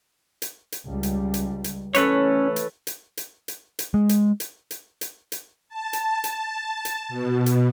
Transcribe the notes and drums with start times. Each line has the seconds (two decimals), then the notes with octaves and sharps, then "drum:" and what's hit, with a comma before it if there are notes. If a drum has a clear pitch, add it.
0.42 drum: hi-hat
0.72 drum: hi-hat
0.87 C#2 G3
1.03 drum: hi-hat
1.34 drum: hi-hat
1.64 drum: hi-hat
1.95 E3 A3 C#4 A4 B4 C#5, drum: hi-hat
2.56 drum: hi-hat
2.87 drum: hi-hat
3.17 drum: hi-hat
3.48 drum: hi-hat
3.79 drum: hi-hat
3.94 G#3
4.09 drum: hi-hat
4.40 drum: hi-hat
4.71 drum: hi-hat
5.01 drum: hi-hat
5.32 drum: hi-hat
5.69 A5
5.93 drum: hi-hat
6.24 drum: hi-hat
6.85 drum: hi-hat
7.09 B2
7.46 drum: hi-hat